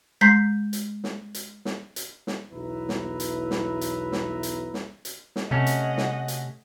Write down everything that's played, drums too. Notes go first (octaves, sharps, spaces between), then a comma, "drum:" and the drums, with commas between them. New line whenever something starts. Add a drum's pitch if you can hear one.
G#3 A#5 C6 G6 B6 C7
drum: hi-hat
drum: snare
drum: hi-hat
drum: snare
drum: hi-hat
drum: snare
B1 E2 E4 B4 E5 A#5
drum: snare
drum: hi-hat
drum: snare
drum: hi-hat
drum: snare
drum: hi-hat
drum: snare
drum: hi-hat
drum: snare
C3 A3 C#4 D#5 F#5
drum: hi-hat
drum: snare
drum: hi-hat